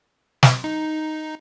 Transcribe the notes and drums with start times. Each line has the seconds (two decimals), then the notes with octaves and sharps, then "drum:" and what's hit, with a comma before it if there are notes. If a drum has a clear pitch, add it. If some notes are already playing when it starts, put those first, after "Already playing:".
0.43 drum: snare
0.64 D#4